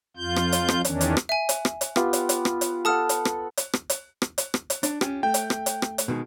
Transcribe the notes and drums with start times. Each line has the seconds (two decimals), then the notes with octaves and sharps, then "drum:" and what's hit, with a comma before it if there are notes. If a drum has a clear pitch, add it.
0.17 F2 F4 G6
0.36 drum: rim click
0.52 drum: hi-hat
0.68 drum: rim click
0.85 E2 D#3 C#4 D4, drum: hi-hat
1.01 drum: hi-hat
1.17 drum: rim click
1.29 E5 G#5
1.49 drum: hi-hat
1.65 drum: rim click
1.81 drum: hi-hat
1.96 B3 F4 G4, drum: rim click
2.13 drum: hi-hat
2.29 drum: hi-hat
2.45 drum: rim click
2.61 drum: hi-hat
2.85 A4 F#5 A5 D#6 F6
3.09 drum: hi-hat
3.25 drum: rim click
3.57 drum: hi-hat
3.73 drum: rim click
3.90 drum: hi-hat
4.22 drum: rim click
4.38 drum: hi-hat
4.54 drum: rim click
4.70 drum: hi-hat
4.83 D4, drum: hi-hat
5.01 C#4 F4 G4, drum: rim click
5.23 A3 G5
5.34 drum: hi-hat
5.50 drum: rim click
5.66 drum: hi-hat
5.82 drum: rim click
5.98 drum: hi-hat
6.08 B2 D#3 G#3